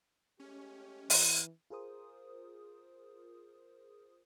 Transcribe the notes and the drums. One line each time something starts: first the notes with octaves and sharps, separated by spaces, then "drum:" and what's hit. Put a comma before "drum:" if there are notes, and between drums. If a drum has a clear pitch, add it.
G#3 A3 C#4 G4
E3, drum: open hi-hat
F4 G#4 A#4 C5 D#6